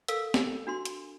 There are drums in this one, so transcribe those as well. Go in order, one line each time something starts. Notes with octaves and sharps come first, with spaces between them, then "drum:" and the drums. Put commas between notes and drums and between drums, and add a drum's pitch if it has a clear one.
A4 A#4 F5 E6, drum: hi-hat
drum: snare
D4 F#4 C6
drum: hi-hat